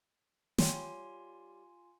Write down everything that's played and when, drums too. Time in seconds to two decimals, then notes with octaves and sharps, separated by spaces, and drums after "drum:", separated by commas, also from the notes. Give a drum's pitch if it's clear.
0.58 G3 F4 C#5 G5 G#5 C6, drum: snare